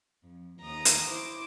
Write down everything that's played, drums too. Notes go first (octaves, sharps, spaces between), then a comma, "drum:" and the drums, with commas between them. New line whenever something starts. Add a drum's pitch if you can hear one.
F2
D#2 A#5 D#6
drum: hi-hat
E4 C5 D6